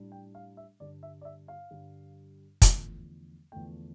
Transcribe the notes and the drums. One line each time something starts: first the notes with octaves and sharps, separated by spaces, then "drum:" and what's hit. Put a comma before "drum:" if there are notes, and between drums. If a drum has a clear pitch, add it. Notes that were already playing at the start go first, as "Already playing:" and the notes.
Already playing: A2 G3 D4
G5
F5
E5
G2 D3 G3 D4 D5
E5
D5
E5
F5
G2 D3 G3 D4
E2 D3 F3 A3, drum: kick, hi-hat
E2 D3 F3 A3 G5